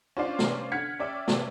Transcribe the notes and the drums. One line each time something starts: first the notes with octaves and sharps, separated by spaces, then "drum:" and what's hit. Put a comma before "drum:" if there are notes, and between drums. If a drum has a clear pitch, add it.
C#4 D4 F4 C5 D5 F5
drum: snare
D3 F#5 F6 G#6 B6 C#7
C#4 D5 E5 G5
drum: snare